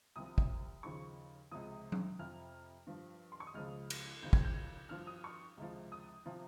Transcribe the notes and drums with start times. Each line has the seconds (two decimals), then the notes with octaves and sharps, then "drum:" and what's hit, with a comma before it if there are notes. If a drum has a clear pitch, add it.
0.16 C2 C3 F3 D#6
0.38 drum: kick
0.83 D#2 C#3 F3 C#6
1.51 C#2 C3 F3 D#6
1.92 drum: tom F#3
2.19 F2 C3 F3 F6
2.87 G2 F3
3.32 C6
3.40 C#6
3.47 D#6
3.54 C#2 C#3 F3 F6
3.90 drum: cymbal
4.22 D#2 C#3 F3 G6
4.33 G#6, drum: kick
4.45 G6
4.89 G2 F3 F6
5.07 D#6
5.24 C#6
5.57 C#2 C3 F3
5.92 D#6
6.26 C3 F3